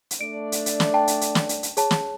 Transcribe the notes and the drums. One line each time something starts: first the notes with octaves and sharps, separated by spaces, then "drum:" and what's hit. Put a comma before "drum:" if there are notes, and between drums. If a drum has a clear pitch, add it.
drum: hi-hat
A3 D4 D5 D7
drum: hi-hat
drum: hi-hat
drum: snare
G5 A5
drum: hi-hat
drum: hi-hat
drum: snare
drum: hi-hat
drum: hi-hat
G#4 C#5 A5, drum: hi-hat
drum: snare